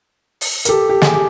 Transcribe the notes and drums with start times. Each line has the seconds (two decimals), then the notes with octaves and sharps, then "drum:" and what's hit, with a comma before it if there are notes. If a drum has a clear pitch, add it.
0.41 drum: open hi-hat
0.65 A#4, drum: hi-hat
0.69 G4 A4
0.89 G4
1.02 G#4, drum: snare
1.14 G4